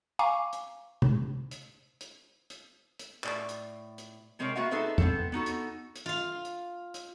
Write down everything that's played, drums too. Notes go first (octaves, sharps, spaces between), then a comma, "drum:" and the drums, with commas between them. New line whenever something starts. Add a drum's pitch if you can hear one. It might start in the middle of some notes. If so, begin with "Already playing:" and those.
F5 G#5 A#5 C#6 D6
drum: hi-hat
drum: tom
drum: hi-hat
drum: hi-hat
drum: hi-hat
drum: hi-hat
A2 D5, drum: clap
drum: hi-hat
drum: hi-hat
C3 G#3 C4 A#4 C#5
A#3 B3 F#4 B4 E5 F#5
D#4 G#4 A4 B4 C5 E5
B3 C4 A4, drum: tom E2
B3 D#4 F#4 A4
drum: hi-hat
drum: hi-hat
F4 F5
drum: hi-hat
drum: hi-hat